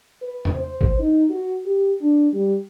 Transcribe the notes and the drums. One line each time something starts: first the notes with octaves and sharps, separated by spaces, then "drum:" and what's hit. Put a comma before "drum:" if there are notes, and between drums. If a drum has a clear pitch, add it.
B4
drum: tom E2
C5
drum: kick
D#4
F#4
G4
D4
G3